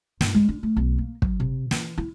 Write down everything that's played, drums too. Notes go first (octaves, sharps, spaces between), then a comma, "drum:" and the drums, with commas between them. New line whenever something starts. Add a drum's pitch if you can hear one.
G2, drum: snare
G#3
D4
A3
B1
A#3
F#3, drum: kick
C3
E3, drum: snare
E4